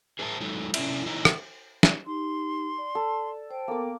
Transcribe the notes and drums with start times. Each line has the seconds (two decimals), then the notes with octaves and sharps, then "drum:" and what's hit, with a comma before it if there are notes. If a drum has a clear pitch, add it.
0.19 G#4 A#4 C5 E5 G5 A5
0.40 F#3 G#3 D#4 A4
0.74 C3 C#4 D4 E4 E5, drum: cymbal
1.06 E3 D#4 E4 C#5 D#5
1.25 drum: rim click
1.83 drum: snare
2.07 D#4 G4 C6
2.78 D5
2.95 A4
3.51 C5 G5
3.68 A#3 B3 A4 A#4 D6